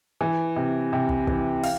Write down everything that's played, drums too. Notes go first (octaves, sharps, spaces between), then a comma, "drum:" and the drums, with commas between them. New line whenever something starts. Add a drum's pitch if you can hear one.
E3
C3
C3
drum: kick
E3, drum: kick
F5, drum: open hi-hat